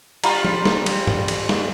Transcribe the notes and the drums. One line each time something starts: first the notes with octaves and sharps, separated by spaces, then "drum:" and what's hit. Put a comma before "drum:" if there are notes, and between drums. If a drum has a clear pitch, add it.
G3 F4 A#5 B5, drum: cymbal
drum: tom
drum: snare
drum: cymbal
drum: tom
drum: cymbal
drum: snare